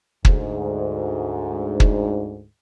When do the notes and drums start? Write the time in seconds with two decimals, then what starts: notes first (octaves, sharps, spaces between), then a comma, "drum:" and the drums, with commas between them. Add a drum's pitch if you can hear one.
0.25 D2 G#2, drum: kick
1.80 drum: kick